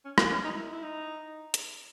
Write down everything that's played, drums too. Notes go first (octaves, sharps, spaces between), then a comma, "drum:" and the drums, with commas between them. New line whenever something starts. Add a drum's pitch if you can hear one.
C#4
B3, drum: rim click
C#4
D#4
E4
E4
D#4
drum: hi-hat